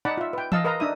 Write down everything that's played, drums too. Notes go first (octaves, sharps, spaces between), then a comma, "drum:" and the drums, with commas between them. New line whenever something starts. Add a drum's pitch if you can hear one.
D#4 D5 F#5 A5 B5
F4 E5
B4 G5
D#5 F5 A5 E6, drum: tom E3
A#4 B4 D#5 F5 A#5
D4 D#4 E5 D#6